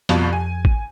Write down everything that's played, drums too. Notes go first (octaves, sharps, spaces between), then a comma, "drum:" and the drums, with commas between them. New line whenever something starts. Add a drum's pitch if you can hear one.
C2 F2 B2 F3, drum: hi-hat
G#5
drum: kick